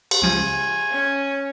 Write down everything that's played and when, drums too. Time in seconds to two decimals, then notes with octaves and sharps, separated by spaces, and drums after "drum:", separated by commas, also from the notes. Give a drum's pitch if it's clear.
0.11 drum: cymbal
0.22 C#2 F3 G#5
0.91 C#4